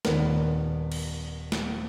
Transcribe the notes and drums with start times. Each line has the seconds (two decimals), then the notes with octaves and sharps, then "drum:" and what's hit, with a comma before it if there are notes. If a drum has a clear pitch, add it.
0.05 D#1 D#2 B3 A#4, drum: snare
0.92 drum: cymbal
1.52 drum: snare